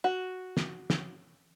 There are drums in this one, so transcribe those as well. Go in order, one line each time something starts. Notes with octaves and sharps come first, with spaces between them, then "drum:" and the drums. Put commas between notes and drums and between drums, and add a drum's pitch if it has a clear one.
F#4
drum: snare
drum: snare